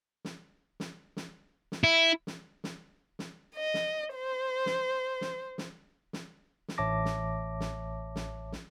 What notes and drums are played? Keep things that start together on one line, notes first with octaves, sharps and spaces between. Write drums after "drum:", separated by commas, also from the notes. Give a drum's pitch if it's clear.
drum: snare
drum: snare
drum: snare
drum: snare
E4
drum: snare
drum: snare
drum: snare
D#5
drum: snare
C5
drum: snare
drum: snare
drum: snare
drum: snare
drum: snare
A1 C#5 E5 A5 D6 A#6
drum: snare
drum: snare
drum: snare
drum: snare